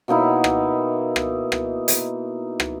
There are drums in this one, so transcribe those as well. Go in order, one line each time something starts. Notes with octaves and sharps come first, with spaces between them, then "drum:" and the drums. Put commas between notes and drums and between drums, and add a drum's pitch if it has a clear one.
B2 A#3 D#4 E4
drum: rim click
drum: rim click
drum: rim click
drum: hi-hat
drum: rim click